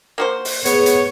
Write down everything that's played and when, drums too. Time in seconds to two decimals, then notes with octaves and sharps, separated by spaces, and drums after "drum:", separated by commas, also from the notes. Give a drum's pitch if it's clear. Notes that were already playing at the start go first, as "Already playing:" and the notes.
0.18 A#3 F#4 C5
0.45 drum: open hi-hat
0.65 B3 G#4 C#5, drum: hi-hat
0.86 drum: hi-hat